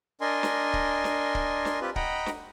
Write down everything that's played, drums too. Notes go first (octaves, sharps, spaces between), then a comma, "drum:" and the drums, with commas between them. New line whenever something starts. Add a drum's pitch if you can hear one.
D4 A#4 D#5 G#5 C6
drum: snare
drum: kick
drum: snare
drum: kick
drum: snare
C4 F4 G4 B4
D#5 F#5 G5 A#5 B5, drum: kick
drum: snare